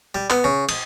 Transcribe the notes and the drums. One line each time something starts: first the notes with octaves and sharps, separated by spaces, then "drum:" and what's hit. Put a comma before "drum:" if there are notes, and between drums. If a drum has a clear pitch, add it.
G3
B3, drum: clap
C#3
D#6, drum: cymbal